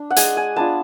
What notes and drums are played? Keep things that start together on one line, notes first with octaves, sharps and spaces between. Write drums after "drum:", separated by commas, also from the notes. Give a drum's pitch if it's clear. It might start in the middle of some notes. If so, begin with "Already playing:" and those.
Already playing: D4
F#5
G#3 G#5, drum: hi-hat
G#5
B3 D4 F4 A5